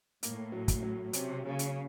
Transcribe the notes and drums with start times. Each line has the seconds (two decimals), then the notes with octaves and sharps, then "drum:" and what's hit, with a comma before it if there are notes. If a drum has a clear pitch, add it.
0.23 A2 A#3, drum: hi-hat
0.52 F#3
0.68 drum: kick, hi-hat
0.83 F#3
1.13 C3 C#4, drum: hi-hat
1.44 C#3 A#3
1.59 drum: hi-hat